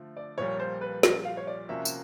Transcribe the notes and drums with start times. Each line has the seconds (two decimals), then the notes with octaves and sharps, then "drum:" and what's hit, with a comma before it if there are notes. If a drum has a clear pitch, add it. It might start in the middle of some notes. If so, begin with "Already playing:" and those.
Already playing: D3 F3 A3
0.17 D5
0.37 A#1 A#2 G3 C#5
0.60 C5
0.81 B4
1.03 drum: snare
1.25 F5
1.37 C#5
1.47 D5
1.69 C3 F3 A#3 C#4 F#4 E5
1.85 drum: tambourine